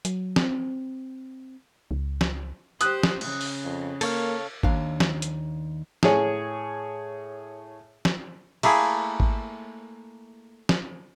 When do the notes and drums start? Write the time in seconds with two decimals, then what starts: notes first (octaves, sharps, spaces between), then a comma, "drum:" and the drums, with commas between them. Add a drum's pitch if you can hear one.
0.05 F#3, drum: hi-hat
0.36 C4, drum: snare
1.91 C#2
2.21 drum: snare
2.81 G4 C5 D#6 F#6, drum: hi-hat
3.03 drum: snare
3.21 C#3, drum: cymbal
3.41 drum: open hi-hat
3.64 F2
4.01 A#3 A4 C#5 F5, drum: cymbal
4.63 D#2 D4 F5, drum: kick G#1
5.00 drum: snare
5.22 drum: hi-hat
6.03 A2 G#4 C#5, drum: snare
8.05 drum: snare
8.63 A3 A#3 E4 G#4, drum: cymbal
9.20 drum: kick G#1
10.69 drum: snare